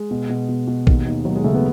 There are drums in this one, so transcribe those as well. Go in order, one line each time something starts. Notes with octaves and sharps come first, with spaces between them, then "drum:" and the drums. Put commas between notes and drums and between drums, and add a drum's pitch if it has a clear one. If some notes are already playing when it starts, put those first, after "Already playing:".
Already playing: G#3
B2
B2
B2
B2
D#2, drum: kick
D#2
D#2 F#3
G#3
C#3 A3
B3